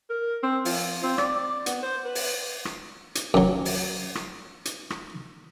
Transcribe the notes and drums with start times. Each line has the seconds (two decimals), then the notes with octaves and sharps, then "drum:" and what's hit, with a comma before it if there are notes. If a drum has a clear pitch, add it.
0.10 A#4
0.43 C4
0.65 F3, drum: open hi-hat
1.03 C4
1.18 D5, drum: rim click
1.66 B3, drum: hi-hat
1.83 C5
2.05 B4
2.15 drum: open hi-hat
2.65 drum: rim click
3.15 drum: hi-hat
3.34 F#2 F#3
3.65 drum: open hi-hat
4.15 drum: rim click
4.65 drum: hi-hat
4.90 drum: rim click